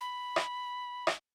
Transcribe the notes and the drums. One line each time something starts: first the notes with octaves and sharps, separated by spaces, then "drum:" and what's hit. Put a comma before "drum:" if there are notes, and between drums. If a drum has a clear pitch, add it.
B5
drum: rim click
drum: rim click